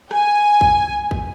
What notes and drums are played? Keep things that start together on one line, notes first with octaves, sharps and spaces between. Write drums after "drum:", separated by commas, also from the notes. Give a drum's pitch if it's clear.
G#5, drum: rim click
drum: kick
drum: kick